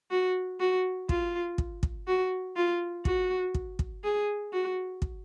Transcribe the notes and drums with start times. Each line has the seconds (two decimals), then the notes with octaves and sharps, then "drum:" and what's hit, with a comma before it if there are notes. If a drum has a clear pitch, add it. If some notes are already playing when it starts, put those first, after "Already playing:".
0.11 F#4
0.60 F#4
1.09 F4, drum: kick
1.58 drum: kick
1.83 drum: kick
2.07 F#4
2.56 F4
3.05 F#4, drum: kick
3.54 drum: kick
3.79 drum: kick
4.04 G#4
4.53 F#4
5.02 drum: kick